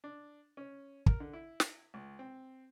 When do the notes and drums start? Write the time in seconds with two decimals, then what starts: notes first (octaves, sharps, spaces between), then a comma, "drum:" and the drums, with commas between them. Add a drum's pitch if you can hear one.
0.04 D4
0.57 C#4
1.06 A#4, drum: kick
1.20 D3
1.33 E4
1.60 drum: snare
1.94 C#2
2.19 C4